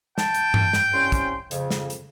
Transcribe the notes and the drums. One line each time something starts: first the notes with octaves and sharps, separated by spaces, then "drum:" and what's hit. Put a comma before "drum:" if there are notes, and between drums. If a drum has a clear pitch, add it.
G5 A5, drum: snare
drum: hi-hat
drum: tom G2
drum: snare
C2 C#4 C6
drum: kick, hi-hat
F2 C#3, drum: hi-hat
drum: snare
drum: hi-hat